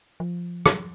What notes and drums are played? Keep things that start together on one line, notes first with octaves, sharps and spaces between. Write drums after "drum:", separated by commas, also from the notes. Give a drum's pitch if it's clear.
F3
drum: rim click